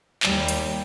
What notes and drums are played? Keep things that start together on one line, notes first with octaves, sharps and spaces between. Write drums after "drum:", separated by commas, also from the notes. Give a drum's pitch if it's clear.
D#2 G3, drum: clap
drum: hi-hat